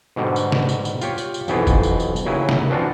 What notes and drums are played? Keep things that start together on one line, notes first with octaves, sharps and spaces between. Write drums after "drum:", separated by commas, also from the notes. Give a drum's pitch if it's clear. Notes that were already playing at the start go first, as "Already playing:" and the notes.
G#2 B2 D3 G3
drum: tambourine
drum: snare
drum: tambourine
drum: tambourine
F4 G4 C#5, drum: tambourine
drum: tambourine
drum: tambourine
B1 F2 B2 E3 G4 G#4, drum: tambourine
drum: kick F1, tambourine
drum: tambourine
drum: tambourine
drum: tambourine
D#2 C#3 F#3 E4 G#5
drum: snare
E3 F3 C4 D4 F4 F#4